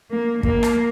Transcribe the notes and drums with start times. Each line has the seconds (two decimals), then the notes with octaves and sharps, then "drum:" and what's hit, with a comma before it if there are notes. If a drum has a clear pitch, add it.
0.11 A#3
0.43 A#3, drum: kick
0.63 drum: rim click